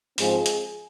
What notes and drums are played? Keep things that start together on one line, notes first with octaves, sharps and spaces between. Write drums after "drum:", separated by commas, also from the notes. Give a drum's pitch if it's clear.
G#2 F3 G#3 C4 G#4, drum: open hi-hat
drum: hi-hat